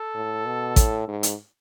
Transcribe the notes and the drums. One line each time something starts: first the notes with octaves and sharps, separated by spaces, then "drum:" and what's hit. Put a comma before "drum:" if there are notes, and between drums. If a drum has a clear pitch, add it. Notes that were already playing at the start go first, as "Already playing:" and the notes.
Already playing: A4
A2
B2
A2, drum: kick A1, hi-hat
G#2
drum: hi-hat